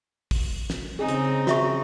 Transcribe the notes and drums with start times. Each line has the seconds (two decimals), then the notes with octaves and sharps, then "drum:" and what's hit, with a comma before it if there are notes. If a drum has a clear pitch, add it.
0.31 drum: kick, open hi-hat
0.70 drum: snare
0.99 C#3 C4 D#4 G#4
1.08 drum: hi-hat
1.47 F#4 E5 C#6, drum: snare